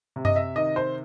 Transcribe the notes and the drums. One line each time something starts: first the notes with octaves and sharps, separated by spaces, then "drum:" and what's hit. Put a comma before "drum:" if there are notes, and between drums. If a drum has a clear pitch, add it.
C3
D#5, drum: tom F#2
E5
D#3 D#5
C5